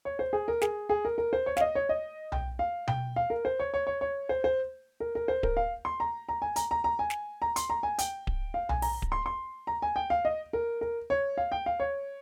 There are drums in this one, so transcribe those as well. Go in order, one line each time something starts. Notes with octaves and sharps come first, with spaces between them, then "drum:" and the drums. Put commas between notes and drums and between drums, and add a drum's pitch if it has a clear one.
C#5
C5
G#4
A#4
G#4, drum: snare
G#4
A#4
A#4
C5
C#5
F5, drum: snare
D#5
C#5
D#5
G5, drum: tom B1
F5
G5, drum: tom B2
F5
A#4
C5
C#5
C#5
C#5
C#5
C5
C5
A#4
A#4
C5
A#4, drum: kick D1
F5
C6
A#5
A#5
G#5
A#5, drum: hi-hat
A#5
A#5
G#5
drum: snare
A#5
C6, drum: hi-hat
A#5
G#5
G5, drum: hi-hat
drum: kick D1
F5
G#5, drum: tom B1
A#5, drum: open hi-hat
drum: kick D1
C6
C6
A#5
G#5
G5
F5
D#5
A#4
A#4
C#5
F5
G5
F5
C#5